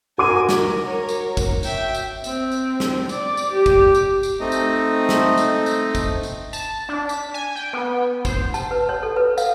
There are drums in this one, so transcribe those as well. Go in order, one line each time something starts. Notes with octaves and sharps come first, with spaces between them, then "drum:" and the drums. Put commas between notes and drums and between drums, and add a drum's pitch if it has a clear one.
F#4 A#4 G#5 D6 D#7
A#4, drum: snare
A#4 C#5
drum: tambourine
drum: kick, tambourine
E5 G5, drum: tambourine
drum: tambourine
C4, drum: tambourine
drum: tambourine
drum: snare
D5, drum: tambourine
drum: tambourine
G4
drum: kick, tambourine
drum: tambourine
drum: tambourine
A3 C4 D#4 D#5
drum: tambourine
drum: snare
drum: tambourine
drum: tambourine
drum: kick, tambourine
drum: tambourine
A5, drum: tambourine
D4
B6, drum: tambourine
G#5
G5
B3
C5, drum: kick, tambourine
A5, drum: tambourine
B4
C#5
A4
B4
F5, drum: tambourine